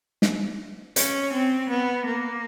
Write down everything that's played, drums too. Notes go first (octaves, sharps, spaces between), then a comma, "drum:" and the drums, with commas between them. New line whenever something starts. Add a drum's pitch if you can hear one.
drum: snare
C#4, drum: hi-hat
C4
B3
A#3